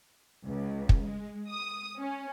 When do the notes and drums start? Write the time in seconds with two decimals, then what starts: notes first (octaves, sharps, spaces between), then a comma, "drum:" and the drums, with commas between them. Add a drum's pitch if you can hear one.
0.46 C#2
0.89 drum: kick
1.05 G#3
1.51 D#6
2.00 C#4